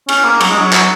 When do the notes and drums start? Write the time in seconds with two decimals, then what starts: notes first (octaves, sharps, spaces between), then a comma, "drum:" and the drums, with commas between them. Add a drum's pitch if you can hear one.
0.09 C#4, drum: cymbal
0.24 A#3
0.40 F#3, drum: cymbal
0.49 G#3
0.58 F#3
0.73 F#3, drum: clap